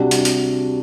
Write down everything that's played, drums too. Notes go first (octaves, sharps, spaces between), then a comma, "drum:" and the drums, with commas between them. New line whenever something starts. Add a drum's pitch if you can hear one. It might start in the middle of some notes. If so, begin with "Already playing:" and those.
Already playing: C3 G3 D4 F#4
drum: hi-hat
drum: hi-hat